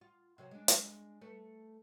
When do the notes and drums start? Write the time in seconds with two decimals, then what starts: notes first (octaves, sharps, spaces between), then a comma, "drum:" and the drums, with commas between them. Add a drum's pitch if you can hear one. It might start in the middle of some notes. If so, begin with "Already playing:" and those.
0.01 F4
0.38 C3 F#3 C5
0.51 G#3 D4
0.68 drum: hi-hat
1.21 A3 B4